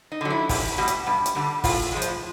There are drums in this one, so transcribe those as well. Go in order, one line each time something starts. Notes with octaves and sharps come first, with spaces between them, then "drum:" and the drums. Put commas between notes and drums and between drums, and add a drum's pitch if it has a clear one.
D#4
D3 F#3
E4
E2 G4, drum: kick, open hi-hat
B2 G3
drum: hi-hat
G2
drum: hi-hat
D3 G3
A2 F4, drum: kick, open hi-hat
F3 G#3
drum: hi-hat